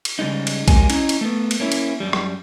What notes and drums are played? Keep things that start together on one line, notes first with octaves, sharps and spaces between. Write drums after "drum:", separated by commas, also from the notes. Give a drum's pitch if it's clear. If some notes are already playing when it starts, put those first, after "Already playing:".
drum: cymbal
C#3 G3 G#3 D#4
drum: cymbal
F#3 G#3 A#3 G4 G#5, drum: kick A#1, cymbal
C#4 D#4 E4, drum: cymbal
drum: cymbal
A3 B3
drum: cymbal
A#3 C#4 E4
drum: cymbal
F#2 G3
drum: rim click